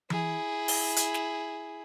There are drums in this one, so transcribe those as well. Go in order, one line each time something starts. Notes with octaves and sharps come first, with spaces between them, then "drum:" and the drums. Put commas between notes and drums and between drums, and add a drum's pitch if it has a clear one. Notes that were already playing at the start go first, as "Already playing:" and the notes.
E4 G#4, drum: tom E3
drum: open hi-hat
drum: hi-hat
drum: snare